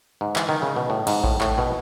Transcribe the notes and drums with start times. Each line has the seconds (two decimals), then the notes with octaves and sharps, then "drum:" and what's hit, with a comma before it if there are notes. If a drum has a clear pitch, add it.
0.21 G#2
0.36 E3, drum: clap
0.49 D#3
0.62 C#3
0.76 B2
0.90 A2
1.07 G#2, drum: cymbal
1.24 A2, drum: kick A1
1.41 A2, drum: clap
1.58 B2